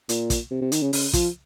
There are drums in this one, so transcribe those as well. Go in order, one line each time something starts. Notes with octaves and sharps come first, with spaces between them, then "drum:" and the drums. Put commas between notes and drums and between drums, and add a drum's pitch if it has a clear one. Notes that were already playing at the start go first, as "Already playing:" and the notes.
A#2, drum: hi-hat
drum: kick, hi-hat
C3
C3
D#3, drum: hi-hat
C#3
C#3, drum: open hi-hat
F3, drum: kick, hi-hat